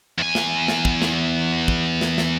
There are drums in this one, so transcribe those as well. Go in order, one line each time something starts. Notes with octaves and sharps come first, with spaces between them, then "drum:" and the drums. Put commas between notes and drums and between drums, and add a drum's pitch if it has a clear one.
E2 G#5
drum: snare
drum: snare
drum: kick
drum: snare
drum: kick
drum: snare
drum: snare